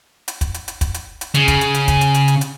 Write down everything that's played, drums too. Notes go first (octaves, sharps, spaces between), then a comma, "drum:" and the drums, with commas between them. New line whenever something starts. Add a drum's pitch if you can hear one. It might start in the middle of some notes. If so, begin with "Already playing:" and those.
drum: hi-hat
drum: kick, hi-hat
drum: hi-hat
drum: hi-hat
drum: kick, hi-hat
drum: hi-hat
drum: hi-hat
C#3, drum: hi-hat
drum: kick, hi-hat
drum: hi-hat
drum: hi-hat
drum: kick, hi-hat
drum: hi-hat
drum: hi-hat
drum: hi-hat
drum: hi-hat